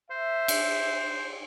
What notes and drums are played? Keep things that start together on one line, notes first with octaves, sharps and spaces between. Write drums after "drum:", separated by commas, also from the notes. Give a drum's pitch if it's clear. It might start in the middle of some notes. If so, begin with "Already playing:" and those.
C5 E5
drum: cymbal